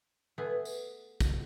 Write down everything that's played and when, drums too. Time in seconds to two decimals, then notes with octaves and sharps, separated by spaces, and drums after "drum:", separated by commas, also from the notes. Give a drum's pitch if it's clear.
0.38 A3 B3 G#4
0.65 drum: tambourine
1.21 drum: kick, tambourine